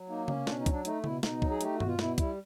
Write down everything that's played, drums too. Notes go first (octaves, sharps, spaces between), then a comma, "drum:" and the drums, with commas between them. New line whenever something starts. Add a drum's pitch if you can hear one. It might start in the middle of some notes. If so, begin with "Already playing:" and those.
Already playing: F#3
A#3 D#4
C#4, drum: tom C#3
B2 D4, drum: snare
D#4
F#3, drum: kick, hi-hat
D4
A3 D#4, drum: hi-hat
B2 E4, drum: tom C#3
B2 D#4, drum: snare
F#3, drum: kick
G#4
A3 G4, drum: hi-hat
F#4
B2, drum: tom G2
F4
B2 E4, drum: snare
G3 E4, drum: kick, hi-hat